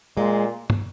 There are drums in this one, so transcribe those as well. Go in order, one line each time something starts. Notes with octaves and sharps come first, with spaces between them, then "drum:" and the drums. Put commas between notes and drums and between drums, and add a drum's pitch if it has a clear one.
A#2 G#3
drum: tom